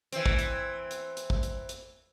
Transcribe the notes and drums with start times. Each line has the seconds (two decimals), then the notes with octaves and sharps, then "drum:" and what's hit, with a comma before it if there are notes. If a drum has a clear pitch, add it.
0.13 E3 C4, drum: hi-hat
0.26 drum: kick A1
0.39 drum: hi-hat
0.91 drum: hi-hat
1.17 drum: hi-hat
1.30 drum: kick A1
1.43 drum: hi-hat
1.69 drum: hi-hat